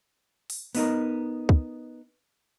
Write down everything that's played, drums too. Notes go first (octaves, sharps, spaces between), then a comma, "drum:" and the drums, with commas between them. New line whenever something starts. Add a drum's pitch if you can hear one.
drum: open hi-hat
B3 D#4 A#4, drum: open hi-hat
drum: kick